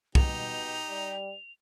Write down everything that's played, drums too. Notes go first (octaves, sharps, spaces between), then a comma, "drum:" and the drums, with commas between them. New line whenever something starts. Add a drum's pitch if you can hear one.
B2 D#4 G4 F7, drum: kick
G3